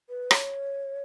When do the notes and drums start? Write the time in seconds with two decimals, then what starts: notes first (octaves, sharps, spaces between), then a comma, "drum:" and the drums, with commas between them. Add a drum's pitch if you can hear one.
0.09 B4
0.31 C#5, drum: rim click